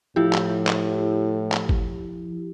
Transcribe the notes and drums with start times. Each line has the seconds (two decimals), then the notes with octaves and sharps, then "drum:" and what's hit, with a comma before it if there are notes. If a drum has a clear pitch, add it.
0.16 A2 F3 E4 G4
0.33 drum: clap
0.67 drum: clap
1.52 drum: clap
1.69 drum: kick